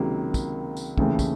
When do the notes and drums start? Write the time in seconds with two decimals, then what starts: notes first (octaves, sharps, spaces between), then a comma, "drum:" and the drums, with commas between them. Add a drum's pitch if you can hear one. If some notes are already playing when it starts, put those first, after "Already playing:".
Already playing: C#2 C3 D#3 F#3 A#3
0.34 drum: kick, tambourine
0.77 drum: tambourine
0.98 F1 D#2 C#3 E3 A3, drum: kick
1.19 drum: kick, tambourine